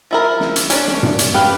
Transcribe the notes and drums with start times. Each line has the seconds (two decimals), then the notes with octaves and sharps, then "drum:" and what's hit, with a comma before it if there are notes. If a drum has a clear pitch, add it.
0.11 F3 E4 A#4
0.40 drum: snare
0.56 drum: hi-hat
0.70 C#4 D4 C#5, drum: hi-hat
0.87 drum: snare
1.03 drum: tom G2
1.19 drum: hi-hat
1.34 G4 B4 F5, drum: snare